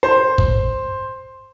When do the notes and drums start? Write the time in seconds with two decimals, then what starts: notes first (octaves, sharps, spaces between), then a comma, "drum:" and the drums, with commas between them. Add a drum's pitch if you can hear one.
0.03 C5
0.38 drum: kick